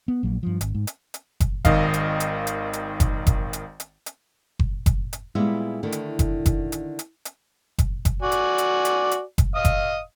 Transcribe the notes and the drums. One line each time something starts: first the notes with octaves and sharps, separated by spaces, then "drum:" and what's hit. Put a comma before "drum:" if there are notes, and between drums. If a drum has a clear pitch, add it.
B3
A#1 F#3 A#3
G2 F3
G#1, drum: hi-hat
G#2
drum: hi-hat
drum: hi-hat
drum: kick F#1, hi-hat
G#1 D#3 D#5 F5, drum: kick F#1, hi-hat
drum: hi-hat
drum: hi-hat
drum: hi-hat
drum: hi-hat
drum: kick F#1, hi-hat
drum: kick F#1, hi-hat
drum: hi-hat
drum: hi-hat
drum: hi-hat
drum: kick F#1
drum: kick F#1, hi-hat
drum: hi-hat
A#2 G3 G#3 B3 E4 E5
D3 D#3 A3 E4
drum: hi-hat
drum: kick F#1, hi-hat
drum: kick F#1, hi-hat
drum: hi-hat
drum: hi-hat
drum: hi-hat
drum: kick F#1, hi-hat
drum: kick F#1, hi-hat
F#4 D5 G#5
drum: hi-hat
drum: hi-hat
drum: hi-hat
drum: hi-hat
drum: kick F#1, hi-hat
D#5 F5 D#6
drum: kick F#1, hi-hat